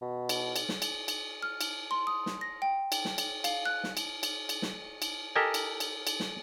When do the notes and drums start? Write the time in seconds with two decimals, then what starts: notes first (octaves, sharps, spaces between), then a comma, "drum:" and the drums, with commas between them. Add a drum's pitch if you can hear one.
0.02 B2
0.29 drum: cymbal
0.56 drum: cymbal
0.69 drum: snare
0.82 drum: cymbal
1.08 drum: cymbal
1.42 F6
1.61 drum: cymbal
1.91 C6
2.07 D#6
2.26 drum: snare
2.41 A#6
2.62 G5
2.92 drum: cymbal
3.05 drum: snare
3.18 drum: cymbal
3.44 F5, drum: cymbal
3.65 F#6
3.84 drum: snare
3.97 drum: cymbal
4.23 drum: cymbal
4.49 drum: cymbal
4.62 drum: snare
5.02 drum: cymbal
5.36 G4 A4 A#4 D#5 G5 G#5
5.54 drum: cymbal
5.80 drum: cymbal
6.07 drum: cymbal
6.20 drum: snare